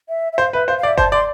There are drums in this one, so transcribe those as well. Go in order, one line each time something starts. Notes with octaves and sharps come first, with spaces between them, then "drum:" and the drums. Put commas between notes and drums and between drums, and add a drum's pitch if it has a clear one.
E5
E5
C5 F5
B4 E5
C5 F5
F5
D5
E5
C5 A5, drum: kick F#1
D5 C6